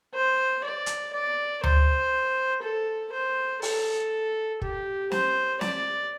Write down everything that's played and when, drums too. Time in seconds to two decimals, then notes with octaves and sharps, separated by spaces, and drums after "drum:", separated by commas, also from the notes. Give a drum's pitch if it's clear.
0.14 C5
0.64 D5
0.86 drum: hi-hat
1.13 D5
1.63 C5, drum: tom D2
2.62 A4
3.12 C5
3.62 A4, drum: open hi-hat
4.62 G4, drum: kick
5.11 C5, drum: snare
5.61 D5, drum: snare